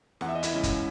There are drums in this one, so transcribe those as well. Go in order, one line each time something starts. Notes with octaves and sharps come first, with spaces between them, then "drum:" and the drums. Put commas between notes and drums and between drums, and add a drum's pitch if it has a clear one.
E2 F#5, drum: snare
E5
D#5
E4 E5, drum: hi-hat
C#3 G#3 C#4
drum: kick, hi-hat